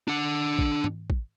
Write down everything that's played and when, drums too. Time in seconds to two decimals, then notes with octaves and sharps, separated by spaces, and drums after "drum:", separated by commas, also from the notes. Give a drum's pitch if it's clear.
0.08 D4 F#5
0.59 drum: kick
0.84 drum: tom
1.10 drum: kick